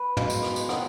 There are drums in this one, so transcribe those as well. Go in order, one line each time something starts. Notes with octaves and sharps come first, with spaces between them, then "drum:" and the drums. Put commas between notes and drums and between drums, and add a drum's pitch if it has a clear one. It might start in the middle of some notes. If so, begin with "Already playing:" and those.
Already playing: B4
B2 G#3 F5, drum: tom
drum: tambourine
drum: rim click
drum: tambourine
D#3 F#3 F#5, drum: rim click